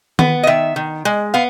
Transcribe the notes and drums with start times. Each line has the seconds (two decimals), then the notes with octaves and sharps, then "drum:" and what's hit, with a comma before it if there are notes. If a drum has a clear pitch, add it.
0.19 B3, drum: tom D#3
0.43 D#5
0.47 D#3 E5
0.76 D#3
1.05 G#3
1.34 B3 F5